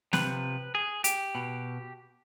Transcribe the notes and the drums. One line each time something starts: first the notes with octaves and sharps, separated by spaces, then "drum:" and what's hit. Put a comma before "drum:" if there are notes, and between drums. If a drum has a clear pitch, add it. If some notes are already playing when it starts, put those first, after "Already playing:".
C3 F3 B4, drum: snare
G#4
G4, drum: hi-hat
B2